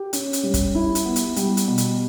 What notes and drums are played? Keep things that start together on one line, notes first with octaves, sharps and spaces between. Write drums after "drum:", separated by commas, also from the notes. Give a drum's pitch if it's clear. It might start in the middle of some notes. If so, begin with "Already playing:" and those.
Already playing: G4
C#4, drum: hi-hat
drum: hi-hat
G3
drum: kick, hi-hat
E4
drum: hi-hat
B3
drum: hi-hat
G3, drum: hi-hat
drum: hi-hat
B2
drum: hi-hat